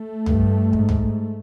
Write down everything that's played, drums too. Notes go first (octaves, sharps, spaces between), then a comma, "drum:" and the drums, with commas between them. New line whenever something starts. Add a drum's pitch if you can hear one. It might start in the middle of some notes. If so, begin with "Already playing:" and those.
Already playing: A3
G2, drum: tom B1
G#2, drum: kick
drum: tom B1